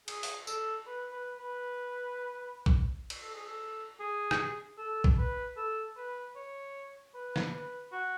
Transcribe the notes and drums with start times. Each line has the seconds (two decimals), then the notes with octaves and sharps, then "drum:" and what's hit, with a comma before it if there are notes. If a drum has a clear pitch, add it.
0.08 G#4, drum: cymbal
0.23 drum: open hi-hat
0.47 A4, drum: tambourine
0.87 B4
1.13 B4
1.39 B4
2.66 drum: kick A#1
3.10 drum: cymbal
3.22 A4
3.35 G#4
3.46 A4
4.00 G#4
4.31 drum: rim click
4.78 A4
5.04 drum: kick A#1
5.18 B4
5.57 A4
5.97 B4
6.36 C#5
7.15 B4
7.36 drum: snare
7.53 B4
7.92 F#4